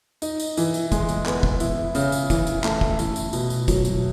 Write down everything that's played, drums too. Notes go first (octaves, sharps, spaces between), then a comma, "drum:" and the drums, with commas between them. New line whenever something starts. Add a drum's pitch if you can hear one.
D#4, drum: tambourine
drum: tambourine
E3, drum: tambourine
drum: tambourine
G#3, drum: kick, tambourine
drum: tambourine
B3, drum: clap
drum: kick
E4, drum: tambourine
C#3, drum: tambourine
drum: tambourine
E3, drum: kick, tambourine
drum: tambourine
A3, drum: clap
drum: kick
E4, drum: tambourine
drum: tambourine
B2, drum: tambourine
drum: tambourine
F#3, drum: kick, tambourine
drum: tambourine